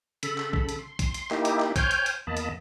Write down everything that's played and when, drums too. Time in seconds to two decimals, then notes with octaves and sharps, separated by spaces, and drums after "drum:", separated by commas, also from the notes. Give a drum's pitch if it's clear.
0.23 C#3 A4 B5, drum: hi-hat
0.38 drum: clap
0.53 drum: kick B1
0.69 drum: hi-hat
0.79 C6
0.99 drum: kick B1, hi-hat
1.14 drum: hi-hat
1.31 A#3 D#4 E4 G4, drum: clap
1.45 drum: hi-hat
1.60 drum: clap
1.76 C5 C#5 G5 G#5 F6 G6, drum: kick B1, hi-hat
1.91 drum: hi-hat
2.06 drum: hi-hat
2.27 E2 A#3 D#5 A5 B5
2.37 drum: hi-hat